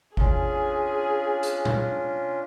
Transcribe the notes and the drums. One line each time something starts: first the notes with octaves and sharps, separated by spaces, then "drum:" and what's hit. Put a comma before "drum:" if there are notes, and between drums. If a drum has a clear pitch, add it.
C#4 D4 F4 G#4, drum: kick G#1
drum: hi-hat
drum: tom A#2